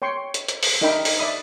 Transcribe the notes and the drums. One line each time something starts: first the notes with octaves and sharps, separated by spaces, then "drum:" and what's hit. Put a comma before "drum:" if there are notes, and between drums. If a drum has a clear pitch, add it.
C#5 G5 C6 C#6
drum: hi-hat
drum: hi-hat
drum: open hi-hat
D4 D#4 A#4 E5 G5 B5
drum: open hi-hat
D5 E5 B5 D#6